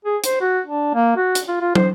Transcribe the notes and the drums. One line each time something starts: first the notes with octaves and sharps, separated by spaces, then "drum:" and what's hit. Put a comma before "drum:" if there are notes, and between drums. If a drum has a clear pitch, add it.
G#4
C5, drum: hi-hat
F#4
D4
A#3
F#4
drum: hi-hat
F4
F4
C5, drum: tom